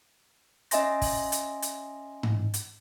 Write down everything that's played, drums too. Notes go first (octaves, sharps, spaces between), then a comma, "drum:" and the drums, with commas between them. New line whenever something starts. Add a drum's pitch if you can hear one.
C#4 D#5 E5 G#5 C6 A#6, drum: hi-hat
drum: kick, open hi-hat
drum: hi-hat
drum: hi-hat
drum: tom G#2
drum: hi-hat